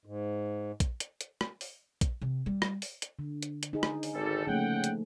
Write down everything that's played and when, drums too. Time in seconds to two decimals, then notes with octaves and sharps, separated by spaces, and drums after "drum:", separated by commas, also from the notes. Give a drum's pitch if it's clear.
0.05 G#2
0.80 drum: kick A#1, hi-hat
1.00 drum: hi-hat
1.21 drum: hi-hat
1.41 drum: rim click
1.61 drum: open hi-hat
2.01 drum: kick A#1, hi-hat
2.21 C3
2.46 G3
2.62 drum: rim click
2.82 drum: open hi-hat
3.02 drum: hi-hat
3.19 D3
3.43 drum: hi-hat
3.63 drum: hi-hat
3.73 D#4 G#4
3.83 drum: rim click
4.03 drum: open hi-hat
4.14 G#1 G3 A4
4.47 C#3 F3 A3 A#3 F#5 G5
4.84 drum: hi-hat